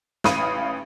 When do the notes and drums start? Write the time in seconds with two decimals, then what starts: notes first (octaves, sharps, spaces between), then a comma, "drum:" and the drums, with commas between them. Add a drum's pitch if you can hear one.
0.24 A1 F5 B5 D#6 D#7, drum: snare